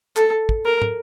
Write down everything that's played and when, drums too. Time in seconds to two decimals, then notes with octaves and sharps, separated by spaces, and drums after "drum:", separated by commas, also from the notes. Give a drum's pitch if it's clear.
0.16 A4, drum: clap
0.49 drum: kick
0.65 A#4
0.82 drum: tom